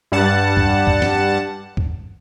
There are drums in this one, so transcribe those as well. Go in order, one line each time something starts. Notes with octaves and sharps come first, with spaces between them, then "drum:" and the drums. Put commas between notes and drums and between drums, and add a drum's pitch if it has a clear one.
G2 G3 F#5 A5
drum: kick C#2
drum: kick C#2
drum: snare
drum: kick C#2